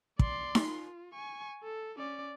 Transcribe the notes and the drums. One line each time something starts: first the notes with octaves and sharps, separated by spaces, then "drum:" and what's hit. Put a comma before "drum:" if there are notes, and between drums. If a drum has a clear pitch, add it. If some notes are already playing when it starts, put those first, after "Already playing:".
D5 C6, drum: kick
drum: snare D#4
F4
G#5 C#6
A4
C#4 D5